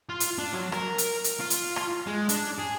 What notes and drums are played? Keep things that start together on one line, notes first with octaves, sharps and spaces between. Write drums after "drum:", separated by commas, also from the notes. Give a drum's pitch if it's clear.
F4
drum: hi-hat
D4
F#3
A#4, drum: rim click
drum: hi-hat
drum: hi-hat
F4
drum: hi-hat
drum: rim click
G#3
D4, drum: hi-hat
G#4